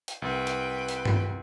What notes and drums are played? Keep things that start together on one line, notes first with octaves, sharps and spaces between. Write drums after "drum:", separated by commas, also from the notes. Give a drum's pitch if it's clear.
drum: hi-hat
C2 B4 G5
drum: hi-hat
drum: hi-hat
drum: tom G2